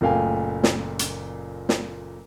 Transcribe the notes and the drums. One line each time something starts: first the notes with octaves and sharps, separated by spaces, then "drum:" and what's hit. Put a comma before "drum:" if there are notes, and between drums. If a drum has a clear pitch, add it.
F#1 A#2 A3 F5 G5 G#5
drum: snare
drum: hi-hat
drum: snare